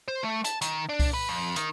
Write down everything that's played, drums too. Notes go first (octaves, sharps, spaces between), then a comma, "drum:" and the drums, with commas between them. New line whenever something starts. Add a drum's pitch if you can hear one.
C5
A3
A5, drum: hi-hat
D#3, drum: hi-hat
D4
drum: kick C2, open hi-hat
B4
F2
D#3, drum: hi-hat